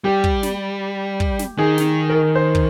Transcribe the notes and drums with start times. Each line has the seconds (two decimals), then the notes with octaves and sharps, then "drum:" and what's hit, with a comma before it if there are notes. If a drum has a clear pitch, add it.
0.04 G3 G4
0.24 drum: kick
0.43 drum: snare
1.20 drum: kick
1.39 drum: snare
1.58 D#3 G#4
1.78 drum: snare
2.09 A#4
2.35 C5
2.55 drum: kick